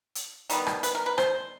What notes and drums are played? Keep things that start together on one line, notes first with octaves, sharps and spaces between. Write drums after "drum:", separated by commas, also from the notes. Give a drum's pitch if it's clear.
drum: hi-hat
D#3 G3 B3, drum: hi-hat
drum: rim click
B4, drum: hi-hat
A#4
B4
C5, drum: rim click